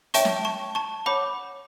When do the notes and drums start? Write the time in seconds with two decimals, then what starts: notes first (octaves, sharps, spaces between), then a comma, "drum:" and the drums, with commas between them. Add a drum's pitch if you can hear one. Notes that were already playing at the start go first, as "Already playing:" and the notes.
0.14 C#5 E5 G5 A5 C#6, drum: hi-hat
0.25 drum: snare
0.45 A5 C#6
0.75 A5 C#6
1.06 C#5 F#5 B5 D6